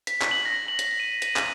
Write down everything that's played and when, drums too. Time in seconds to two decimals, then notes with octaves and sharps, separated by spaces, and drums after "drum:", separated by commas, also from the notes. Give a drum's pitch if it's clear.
0.07 B6, drum: hi-hat
0.22 drum: clap
0.31 F#7
0.46 A#6
0.68 F#7
0.79 drum: hi-hat
1.00 D#7
1.22 drum: hi-hat
1.36 drum: clap